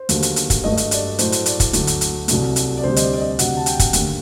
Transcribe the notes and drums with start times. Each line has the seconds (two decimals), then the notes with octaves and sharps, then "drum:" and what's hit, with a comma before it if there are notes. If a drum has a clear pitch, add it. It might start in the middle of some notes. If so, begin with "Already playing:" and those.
Already playing: C5
0.09 D#2 D3 F#3 A3, drum: hi-hat
0.23 drum: hi-hat
0.36 drum: hi-hat
0.50 drum: kick, hi-hat
0.64 G2 F#3 A3 D#5
0.77 drum: hi-hat
0.91 D5, drum: hi-hat
1.19 A2 F#3 A3 C5, drum: hi-hat
1.32 drum: hi-hat
1.46 D5, drum: hi-hat
1.60 drum: kick, hi-hat
1.73 D2 D3 F#3 A3, drum: hi-hat
1.87 drum: hi-hat
2.01 drum: hi-hat
2.28 C2 C3 F#3 A3, drum: hi-hat
2.56 drum: hi-hat
2.77 D5
2.84 D2 C3 G3 C5
2.96 D#5, drum: hi-hat
3.02 D5
3.13 D5
3.20 D#5
3.39 D2 C3 F#3 F#5, drum: hi-hat
3.57 A5
3.66 G5, drum: hi-hat
3.79 drum: kick, hi-hat
3.93 D#2 D3 A3, drum: hi-hat